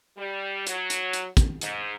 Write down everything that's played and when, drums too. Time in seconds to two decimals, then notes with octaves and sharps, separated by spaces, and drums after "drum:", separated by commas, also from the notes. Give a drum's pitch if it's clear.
0.16 G3
0.67 F#3, drum: hi-hat
0.90 drum: hi-hat
1.13 drum: hi-hat
1.37 drum: kick, hi-hat
1.61 G#2, drum: hi-hat